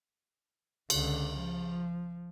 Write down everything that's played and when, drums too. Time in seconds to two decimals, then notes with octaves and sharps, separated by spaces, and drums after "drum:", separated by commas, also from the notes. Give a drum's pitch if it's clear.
0.90 C#2 D3, drum: cymbal
1.38 F3